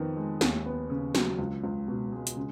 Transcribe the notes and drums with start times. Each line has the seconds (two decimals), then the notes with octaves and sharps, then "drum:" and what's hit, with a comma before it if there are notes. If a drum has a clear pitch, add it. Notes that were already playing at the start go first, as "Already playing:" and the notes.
Already playing: F2 D#3 B3
0.17 G#3
0.41 D#2, drum: snare
0.66 B3
0.90 C#3
1.15 F#3, drum: snare
1.39 C#2
1.64 C#2
1.88 B2
2.12 G#3
2.27 drum: hi-hat
2.36 C#3